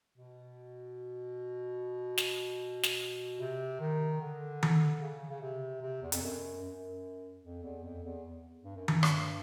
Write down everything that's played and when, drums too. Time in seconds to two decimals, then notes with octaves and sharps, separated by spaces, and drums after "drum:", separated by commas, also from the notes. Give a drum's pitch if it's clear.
0.18 B2
2.18 drum: snare
2.83 drum: snare
3.40 C3
3.80 D#3
4.21 D3
4.63 drum: tom D#3
5.01 C#3
5.30 C#3
5.42 C3
5.82 C3
6.02 E2
6.12 F2, drum: hi-hat
6.22 F#2
6.62 F#2
7.43 F2
7.63 E2
7.84 F2
8.04 E2
8.64 G2
8.76 F#2
8.88 G2, drum: tom D#3
9.03 drum: rim click